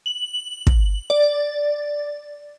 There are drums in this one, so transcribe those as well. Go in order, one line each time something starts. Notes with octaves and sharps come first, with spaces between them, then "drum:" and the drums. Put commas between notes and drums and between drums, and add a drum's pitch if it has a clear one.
F#7
drum: kick
D5